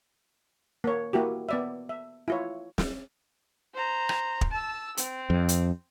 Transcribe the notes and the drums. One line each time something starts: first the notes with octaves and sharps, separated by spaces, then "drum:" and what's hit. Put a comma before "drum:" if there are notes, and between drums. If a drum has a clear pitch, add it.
A#3 C#5
A#3 E4 F#4 G4
B3 D5 E5
E5
E4 F4 C#5
drum: snare
C5 A#5
drum: rim click
drum: kick
A5 E6
C4, drum: hi-hat
F2
drum: hi-hat